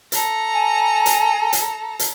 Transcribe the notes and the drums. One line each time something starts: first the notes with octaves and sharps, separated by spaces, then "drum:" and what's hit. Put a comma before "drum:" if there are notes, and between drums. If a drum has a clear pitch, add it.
A4 A#5, drum: hi-hat
G#5
drum: hi-hat
drum: hi-hat
drum: hi-hat